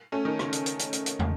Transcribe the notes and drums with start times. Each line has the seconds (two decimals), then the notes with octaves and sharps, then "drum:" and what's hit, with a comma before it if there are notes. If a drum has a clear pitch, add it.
0.12 A3 C#4
0.25 D#3
0.39 C#3, drum: rim click
0.52 drum: hi-hat
0.66 drum: hi-hat
0.79 drum: hi-hat
0.93 drum: hi-hat
1.06 drum: hi-hat
1.19 drum: tom